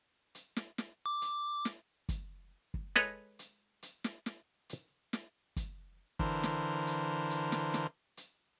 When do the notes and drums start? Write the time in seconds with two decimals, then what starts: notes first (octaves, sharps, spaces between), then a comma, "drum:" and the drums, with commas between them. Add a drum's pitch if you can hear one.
0.35 drum: hi-hat
0.56 drum: snare
0.78 drum: snare
1.06 D6
1.22 drum: hi-hat
1.65 drum: snare
2.09 drum: kick, hi-hat
2.74 drum: kick
2.96 G#3 A4 B4 C#5 D#5 A#5, drum: snare
3.39 drum: hi-hat
3.83 drum: hi-hat
4.04 drum: snare
4.26 drum: snare
4.69 drum: hi-hat
5.13 drum: snare
5.56 drum: kick, hi-hat
6.19 D3 E3 A#4 C5, drum: kick
6.43 drum: snare
6.87 drum: hi-hat
7.30 drum: hi-hat
7.52 drum: snare
7.74 drum: snare
8.17 drum: hi-hat